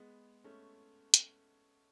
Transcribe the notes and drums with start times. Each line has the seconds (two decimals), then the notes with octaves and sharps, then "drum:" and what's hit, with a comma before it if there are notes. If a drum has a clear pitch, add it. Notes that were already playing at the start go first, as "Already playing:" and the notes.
Already playing: G#3 B3
0.44 A3 C#4
1.14 drum: hi-hat